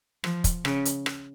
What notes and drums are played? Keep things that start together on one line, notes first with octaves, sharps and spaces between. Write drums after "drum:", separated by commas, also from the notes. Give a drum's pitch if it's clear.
F3, drum: rim click
drum: kick, hi-hat
C#3, drum: rim click
drum: hi-hat
drum: rim click